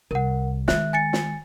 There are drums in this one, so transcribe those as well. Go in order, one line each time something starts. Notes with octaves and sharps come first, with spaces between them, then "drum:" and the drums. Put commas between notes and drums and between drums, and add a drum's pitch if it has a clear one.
C2 A#4 F#5
D#3 G#3 E5 F#6, drum: snare
G#5 A6 C#7
drum: snare